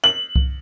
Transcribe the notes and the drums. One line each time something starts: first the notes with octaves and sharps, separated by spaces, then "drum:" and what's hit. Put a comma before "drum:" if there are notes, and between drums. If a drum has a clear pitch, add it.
F#7
drum: kick C2